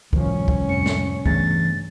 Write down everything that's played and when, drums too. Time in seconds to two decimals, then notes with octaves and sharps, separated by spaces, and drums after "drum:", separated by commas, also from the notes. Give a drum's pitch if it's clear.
0.13 C2 A2 D#3 F3 C#4, drum: kick
0.48 drum: kick
0.69 F2 C#7
0.86 drum: snare
1.26 E2 G2 C#3 A3 A6, drum: kick